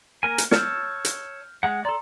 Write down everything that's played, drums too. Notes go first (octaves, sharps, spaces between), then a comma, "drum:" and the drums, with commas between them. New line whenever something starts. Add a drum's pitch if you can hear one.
A#3 A#4 G#5
drum: hi-hat
C#5 A5 E6 F6 G6, drum: snare
drum: hi-hat
G#3 F#5
A4 D5 A#5 C6